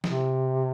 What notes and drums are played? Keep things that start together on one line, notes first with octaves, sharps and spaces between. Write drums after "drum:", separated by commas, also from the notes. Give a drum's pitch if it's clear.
C3, drum: snare